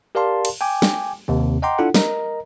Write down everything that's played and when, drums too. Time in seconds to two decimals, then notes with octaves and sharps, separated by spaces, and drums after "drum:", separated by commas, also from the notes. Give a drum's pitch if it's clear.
0.15 G4 A#4 D5 F5 A5 C6
0.45 drum: cymbal
0.61 G5 G#5 D6
0.82 drum: snare
1.28 D#2 C3 C4
1.62 D#5 F#5 G5 A#5 C6 D6
1.79 D4 E4 F4 A4 F#5
1.94 A#4 D#5 A#5, drum: snare